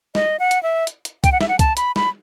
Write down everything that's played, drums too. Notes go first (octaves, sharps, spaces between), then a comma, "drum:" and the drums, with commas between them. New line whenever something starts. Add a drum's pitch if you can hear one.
D#5, drum: snare
F#5
drum: hi-hat
E5
drum: hi-hat
drum: hi-hat
G5, drum: kick C2, hi-hat
F#5
E5, drum: snare
F#5
A5, drum: kick C2, hi-hat
B5, drum: hi-hat
B5, drum: snare